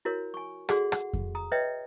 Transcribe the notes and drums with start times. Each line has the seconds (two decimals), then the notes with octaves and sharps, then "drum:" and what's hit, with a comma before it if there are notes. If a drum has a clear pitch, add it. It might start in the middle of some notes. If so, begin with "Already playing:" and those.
0.05 E4 F#4 A#4 C#5
0.34 G#5 C#6
0.69 F#4 G#4 A4 D5 F#5 C6, drum: rim click
0.92 F#5, drum: rim click
1.13 drum: kick F2
1.35 A#5 D#6
1.52 B4 C#5 D#5 E5 G5